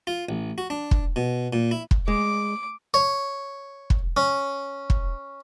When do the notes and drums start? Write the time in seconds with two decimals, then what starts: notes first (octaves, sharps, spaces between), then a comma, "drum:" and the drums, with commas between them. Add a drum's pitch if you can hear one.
0.07 F4
0.29 A1
0.58 F#4
0.70 D4
0.91 drum: kick
1.16 B2
1.53 A#2
1.71 E4
1.91 drum: kick
2.08 G#3 D6
2.94 C#5
3.90 drum: kick
4.17 C#4
4.90 drum: kick